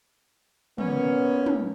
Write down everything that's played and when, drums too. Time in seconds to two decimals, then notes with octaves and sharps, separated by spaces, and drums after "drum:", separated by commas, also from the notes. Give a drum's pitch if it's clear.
0.78 A#2 B3 C#4, drum: tom
1.46 drum: tom